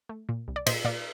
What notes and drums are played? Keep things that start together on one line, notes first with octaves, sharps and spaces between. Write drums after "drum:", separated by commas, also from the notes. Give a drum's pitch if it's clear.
A3
A#2
C2
D5
A#2 C5 D#5, drum: cymbal
A#2 D5 F5